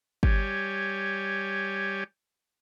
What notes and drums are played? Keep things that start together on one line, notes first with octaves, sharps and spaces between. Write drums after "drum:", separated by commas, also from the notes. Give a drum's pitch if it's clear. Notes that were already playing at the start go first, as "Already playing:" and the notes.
G3 G4 C#5 G#5, drum: kick G1